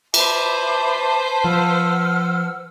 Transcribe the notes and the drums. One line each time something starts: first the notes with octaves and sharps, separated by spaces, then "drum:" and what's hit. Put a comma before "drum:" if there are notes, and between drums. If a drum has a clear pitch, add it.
B4 C5 E5 A5 B5 D6, drum: cymbal
F3 F#5 E6 F6